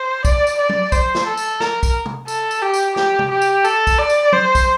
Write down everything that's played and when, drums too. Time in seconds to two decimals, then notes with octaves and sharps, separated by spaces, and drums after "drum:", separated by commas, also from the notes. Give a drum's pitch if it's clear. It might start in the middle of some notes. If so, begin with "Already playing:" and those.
Already playing: C5
0.25 D5, drum: kick, tambourine
0.47 drum: tambourine
0.58 D5
0.69 drum: tom F#3
0.92 C5, drum: kick, tambourine
1.15 drum: snare
1.26 A4
1.37 drum: tambourine
1.60 A#4, drum: snare
1.83 drum: kick, tambourine
2.05 drum: tom
2.28 A4, drum: tambourine
2.51 drum: tambourine
2.62 G4
2.74 drum: tambourine
2.96 G4, drum: snare
3.19 drum: tom
3.30 G4
3.42 drum: tambourine
3.65 A4, drum: tambourine
3.87 drum: kick, tambourine
3.98 D5
4.10 drum: tambourine
4.32 C5, drum: tom F#3
4.55 drum: kick, tambourine